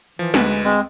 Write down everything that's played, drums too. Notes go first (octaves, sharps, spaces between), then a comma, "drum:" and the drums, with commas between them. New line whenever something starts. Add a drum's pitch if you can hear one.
E3 F3
D2 G#3 B4, drum: snare
G#3 C4